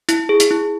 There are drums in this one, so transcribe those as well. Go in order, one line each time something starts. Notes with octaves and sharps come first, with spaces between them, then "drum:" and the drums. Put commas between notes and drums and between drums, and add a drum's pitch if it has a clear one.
E4, drum: hi-hat
G#4
drum: hi-hat
E4